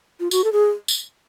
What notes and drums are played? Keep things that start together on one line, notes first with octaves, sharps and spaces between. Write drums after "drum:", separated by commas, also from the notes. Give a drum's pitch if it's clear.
F4
F#4, drum: tambourine
A4
G#4
drum: tambourine